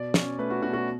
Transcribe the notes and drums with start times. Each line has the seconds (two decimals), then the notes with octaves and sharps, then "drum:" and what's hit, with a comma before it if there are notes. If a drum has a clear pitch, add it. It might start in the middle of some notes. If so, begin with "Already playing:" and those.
Already playing: B2 D5
0.14 C#4, drum: snare
0.38 A3 B4
0.50 F#4
0.61 B2 F#4
0.73 F#4